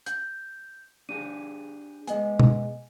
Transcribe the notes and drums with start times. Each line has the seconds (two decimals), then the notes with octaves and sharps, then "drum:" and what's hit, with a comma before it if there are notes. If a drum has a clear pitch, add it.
0.06 G6, drum: hi-hat
1.09 D4 G4 G#4 D#7
2.07 G#3 B3 D#5 G#5, drum: hi-hat
2.40 drum: tom B2